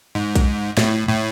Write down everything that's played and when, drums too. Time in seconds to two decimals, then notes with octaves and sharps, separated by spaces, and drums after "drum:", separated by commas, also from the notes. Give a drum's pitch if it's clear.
0.15 G#2
0.36 drum: kick A#1, hi-hat
0.77 A2, drum: snare
1.09 A2